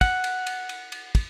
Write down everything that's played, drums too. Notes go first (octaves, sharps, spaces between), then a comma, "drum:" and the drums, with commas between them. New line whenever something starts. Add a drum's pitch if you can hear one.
F#5, drum: kick, cymbal
drum: cymbal
drum: cymbal
drum: cymbal
drum: cymbal
drum: kick, cymbal